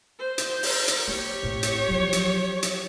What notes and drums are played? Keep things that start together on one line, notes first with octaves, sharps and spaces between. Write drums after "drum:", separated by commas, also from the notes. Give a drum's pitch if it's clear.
C5
drum: hi-hat
drum: open hi-hat
drum: hi-hat
A#3 G4 C#5
A2 C4
drum: hi-hat
F3 F#3
drum: hi-hat
drum: hi-hat